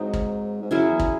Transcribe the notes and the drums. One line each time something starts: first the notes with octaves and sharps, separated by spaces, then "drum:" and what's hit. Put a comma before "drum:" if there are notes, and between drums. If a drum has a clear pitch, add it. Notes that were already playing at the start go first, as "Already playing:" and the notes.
Already playing: G#2 F#3 C4 D#4
drum: kick
G#2
F#2 F#3 C#4 E4 G#4
E2
drum: kick